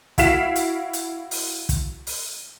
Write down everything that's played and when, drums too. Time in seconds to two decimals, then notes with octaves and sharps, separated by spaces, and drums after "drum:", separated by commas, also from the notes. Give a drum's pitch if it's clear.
0.18 E4 F#4 F5 B6 E7, drum: kick, hi-hat
0.56 drum: hi-hat
0.93 drum: hi-hat
1.31 drum: open hi-hat
1.69 drum: kick, hi-hat
2.07 drum: open hi-hat